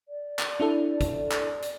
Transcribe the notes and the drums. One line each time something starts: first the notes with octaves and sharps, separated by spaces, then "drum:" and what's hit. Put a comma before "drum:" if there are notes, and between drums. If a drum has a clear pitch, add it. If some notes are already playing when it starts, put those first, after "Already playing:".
D5
drum: clap
D4 E4 A4
drum: kick, hi-hat
drum: clap
drum: hi-hat